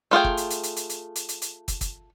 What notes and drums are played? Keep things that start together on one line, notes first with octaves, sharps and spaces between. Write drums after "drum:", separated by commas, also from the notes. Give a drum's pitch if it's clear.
A3 F4 G#4 G5
drum: kick
drum: hi-hat
drum: hi-hat
drum: hi-hat
drum: hi-hat
drum: hi-hat
drum: hi-hat
drum: hi-hat
drum: hi-hat
drum: kick, hi-hat
drum: kick, hi-hat